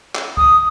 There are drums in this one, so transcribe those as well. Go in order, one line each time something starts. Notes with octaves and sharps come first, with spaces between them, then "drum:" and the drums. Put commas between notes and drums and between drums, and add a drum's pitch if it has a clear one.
drum: clap
D#6, drum: kick C#2